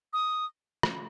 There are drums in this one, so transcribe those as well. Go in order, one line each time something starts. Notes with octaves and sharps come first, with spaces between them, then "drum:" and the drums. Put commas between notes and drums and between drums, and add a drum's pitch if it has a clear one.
D#6
drum: rim click